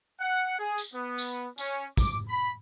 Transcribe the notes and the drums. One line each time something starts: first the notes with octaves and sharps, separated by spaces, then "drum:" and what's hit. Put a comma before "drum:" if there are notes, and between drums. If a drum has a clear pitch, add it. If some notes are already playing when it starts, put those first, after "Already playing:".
F#5
G#4
drum: tambourine
B3
drum: tambourine
C#4, drum: tambourine
D6, drum: kick, tambourine
B5